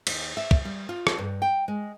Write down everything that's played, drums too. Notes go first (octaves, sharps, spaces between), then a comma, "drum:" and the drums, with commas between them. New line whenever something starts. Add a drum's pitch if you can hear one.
D#2, drum: cymbal
E5
drum: kick
G3
F4
drum: rim click
G2
G5
G#3